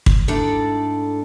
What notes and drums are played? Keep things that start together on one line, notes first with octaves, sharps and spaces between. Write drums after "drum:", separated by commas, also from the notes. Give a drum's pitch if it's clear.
drum: kick
G#2 A3 D4 E4 A4 D5